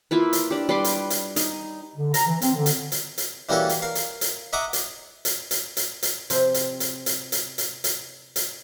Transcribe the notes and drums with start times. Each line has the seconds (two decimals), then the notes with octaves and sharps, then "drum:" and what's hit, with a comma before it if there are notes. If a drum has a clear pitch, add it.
0.11 A#3 E4 F4 B4
0.33 drum: hi-hat
0.51 D4 G4
0.69 G3 B4 C6 D6
0.84 drum: hi-hat
1.10 drum: hi-hat
1.36 D#4, drum: hi-hat
1.96 D3
2.14 A#5, drum: hi-hat
2.28 E3
2.42 C4, drum: hi-hat
2.54 D3
2.66 drum: hi-hat
2.92 drum: hi-hat
3.18 drum: hi-hat
3.49 E3 G3 A#3 C#4 F#4 A4
3.69 drum: hi-hat
3.82 A#4 F5
3.95 drum: hi-hat
4.21 drum: hi-hat
4.53 D#5 E5 F#5 A#5 D6
4.73 drum: hi-hat
5.25 drum: hi-hat
5.51 drum: hi-hat
5.77 drum: hi-hat
6.03 drum: hi-hat
6.30 C3 F3 C4, drum: hi-hat
6.54 drum: hi-hat
6.80 drum: hi-hat
7.06 drum: hi-hat
7.32 drum: hi-hat
7.58 drum: hi-hat
7.84 drum: hi-hat
8.36 drum: hi-hat